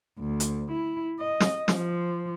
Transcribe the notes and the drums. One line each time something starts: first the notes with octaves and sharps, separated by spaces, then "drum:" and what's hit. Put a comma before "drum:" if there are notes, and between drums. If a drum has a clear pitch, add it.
D2
drum: hi-hat
E4
D#5
drum: snare
F3, drum: snare